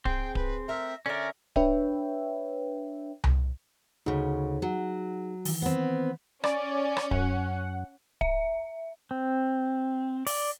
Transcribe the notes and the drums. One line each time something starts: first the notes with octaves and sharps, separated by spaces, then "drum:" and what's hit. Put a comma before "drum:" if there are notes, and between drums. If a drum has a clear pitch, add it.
C4 G#4 G5, drum: kick D1
B4, drum: kick D1
A3 A#4 E5
D3 C#4 A#4 D5 E5
D4 B4 C#5 E5 G5, drum: kick D1
drum: tom C2
D2 C#3 D#4 G#4
F#3
D#3 E3, drum: open hi-hat
B3 C4
C#4 D5, drum: rim click
drum: rim click
F#2 F#5, drum: kick D1
E5, drum: kick D1
C4
D5, drum: open hi-hat